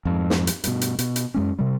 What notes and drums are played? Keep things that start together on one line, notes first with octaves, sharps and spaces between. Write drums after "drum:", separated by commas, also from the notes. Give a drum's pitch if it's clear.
F2 G#2
drum: snare
drum: hi-hat
G2 B2, drum: hi-hat
drum: hi-hat
B2, drum: hi-hat
drum: hi-hat
F#2 G#3 C#4
C3 G3